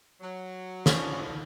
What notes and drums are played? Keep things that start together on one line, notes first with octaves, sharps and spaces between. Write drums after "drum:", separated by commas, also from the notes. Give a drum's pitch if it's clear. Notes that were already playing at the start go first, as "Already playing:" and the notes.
F#3
A2 D3 F3 C#4, drum: snare